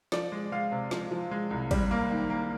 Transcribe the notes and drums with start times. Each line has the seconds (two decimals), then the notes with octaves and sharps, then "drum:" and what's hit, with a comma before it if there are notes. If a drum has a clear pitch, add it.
0.12 F3 D5, drum: snare
0.32 G#3
0.52 G#3 F5
0.72 C3
0.91 F3, drum: snare
1.11 F3
1.31 G#3
1.51 C2
1.71 G3, drum: kick, cymbal
1.91 A#3
2.10 D#3
2.30 A#3